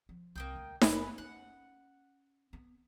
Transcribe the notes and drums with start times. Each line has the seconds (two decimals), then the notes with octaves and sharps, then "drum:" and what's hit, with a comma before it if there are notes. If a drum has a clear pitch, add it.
0.09 F3
0.36 C2 A#3 D#5 G5
0.55 D2 G3
0.82 F#1 B4 G#5, drum: snare D#4
1.18 C#4 F#5
2.53 B3